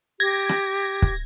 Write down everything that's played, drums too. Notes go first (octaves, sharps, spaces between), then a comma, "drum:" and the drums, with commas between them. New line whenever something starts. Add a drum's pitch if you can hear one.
G4 G#6 A#6
drum: rim click
drum: kick